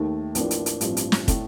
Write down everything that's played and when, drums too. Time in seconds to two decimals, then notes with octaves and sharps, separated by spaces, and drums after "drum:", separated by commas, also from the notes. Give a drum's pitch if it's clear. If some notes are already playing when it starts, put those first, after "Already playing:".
Already playing: D#2 D#3 A3
0.35 A1 A2 F3 A#3 D4, drum: hi-hat
0.51 drum: hi-hat
0.66 drum: hi-hat
0.81 A1 G2 F3 C4, drum: hi-hat
0.97 drum: hi-hat
1.12 drum: snare
1.28 A2 A3, drum: kick, hi-hat